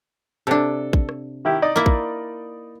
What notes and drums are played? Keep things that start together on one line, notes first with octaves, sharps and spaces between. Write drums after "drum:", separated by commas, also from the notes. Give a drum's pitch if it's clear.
C3 D4 A4
drum: kick
drum: rim click
D#3 E4 G4
D#4 D5 D#5
A#3 E4
drum: kick